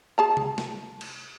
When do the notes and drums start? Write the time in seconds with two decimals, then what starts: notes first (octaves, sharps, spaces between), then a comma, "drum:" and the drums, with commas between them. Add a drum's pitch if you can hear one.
0.18 G#4 A5 A#5
0.37 drum: tom C3
0.58 drum: snare
1.01 drum: cymbal